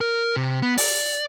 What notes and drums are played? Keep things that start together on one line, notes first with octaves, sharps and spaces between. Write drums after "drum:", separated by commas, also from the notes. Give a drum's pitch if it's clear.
A#4
C3
B3
D5, drum: open hi-hat